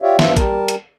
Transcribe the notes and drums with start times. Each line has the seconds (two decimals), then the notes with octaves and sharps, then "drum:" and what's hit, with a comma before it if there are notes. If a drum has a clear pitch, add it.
0.02 F4 G4 C#5 D5 E5 F5
0.19 G2 F3 F4 E5 A5, drum: snare
0.37 G3 A#4 A5, drum: kick, hi-hat
0.68 drum: hi-hat